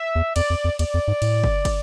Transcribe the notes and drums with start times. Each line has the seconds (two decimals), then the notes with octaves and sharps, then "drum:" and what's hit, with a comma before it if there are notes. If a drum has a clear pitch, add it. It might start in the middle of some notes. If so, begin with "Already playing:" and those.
Already playing: E5
0.15 E2
0.36 F2 D5, drum: cymbal
0.50 F2
0.64 F2
0.79 E2 D5, drum: cymbal
0.94 F2
1.08 G#2
1.22 A2, drum: cymbal
1.44 drum: kick
1.65 drum: kick, cymbal